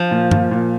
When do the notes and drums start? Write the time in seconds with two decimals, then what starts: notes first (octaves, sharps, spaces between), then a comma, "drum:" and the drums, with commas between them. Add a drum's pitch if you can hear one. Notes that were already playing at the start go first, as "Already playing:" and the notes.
Already playing: F3
0.11 A#2
0.31 A#2, drum: tom G2
0.51 A#2